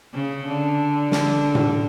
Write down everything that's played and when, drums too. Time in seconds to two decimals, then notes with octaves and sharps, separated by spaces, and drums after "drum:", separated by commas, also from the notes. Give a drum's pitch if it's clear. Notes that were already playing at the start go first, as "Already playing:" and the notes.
0.14 C#3
0.46 D3
1.12 D3, drum: snare
1.55 drum: tom A2